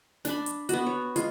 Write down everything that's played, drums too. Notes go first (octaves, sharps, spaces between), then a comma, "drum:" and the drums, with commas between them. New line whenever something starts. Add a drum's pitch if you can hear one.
D4 A5 B5, drum: snare
drum: hi-hat
B3 F#4, drum: hi-hat
C#5
G#3 F4, drum: hi-hat